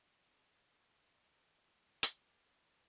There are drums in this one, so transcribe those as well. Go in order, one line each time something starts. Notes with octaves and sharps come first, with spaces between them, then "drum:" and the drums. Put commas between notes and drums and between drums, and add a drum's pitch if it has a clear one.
G3 D#4 E4 C5
drum: hi-hat